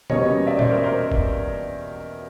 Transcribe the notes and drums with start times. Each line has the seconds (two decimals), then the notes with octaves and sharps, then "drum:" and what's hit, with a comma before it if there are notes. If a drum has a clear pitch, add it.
0.10 E2 B2 G3 A#3 C#4 C#5 D#5, drum: tom C3
0.47 D5 E5
0.59 C5 D5, drum: tom
0.71 A#4 C5
0.83 A#4 C5
1.12 drum: kick